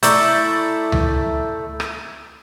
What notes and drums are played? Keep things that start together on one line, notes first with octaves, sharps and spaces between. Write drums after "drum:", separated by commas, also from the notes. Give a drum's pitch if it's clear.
A3 E4 D5 A#5 C#6 E6 G6, drum: hi-hat
drum: tom C#2
drum: rim click